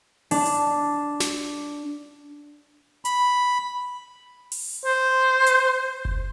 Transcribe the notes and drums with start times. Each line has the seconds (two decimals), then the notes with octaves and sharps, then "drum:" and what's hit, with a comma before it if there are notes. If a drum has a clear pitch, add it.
0.31 D4, drum: open hi-hat
0.46 drum: hi-hat
1.20 drum: snare
3.05 B5, drum: hi-hat
4.52 drum: open hi-hat
4.85 C5
5.46 drum: hi-hat
6.05 drum: kick F#1